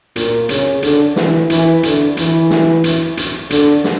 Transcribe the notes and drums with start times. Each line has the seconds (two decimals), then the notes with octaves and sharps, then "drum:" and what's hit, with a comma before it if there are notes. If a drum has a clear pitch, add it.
0.16 A#2, drum: hi-hat
0.49 C#3, drum: hi-hat
0.82 D3, drum: hi-hat
1.16 E3, drum: snare
1.50 E3, drum: hi-hat
1.83 D3, drum: hi-hat
2.17 E3, drum: hi-hat
2.50 drum: snare
2.84 drum: hi-hat
3.17 drum: hi-hat
3.50 D3, drum: hi-hat
3.84 drum: snare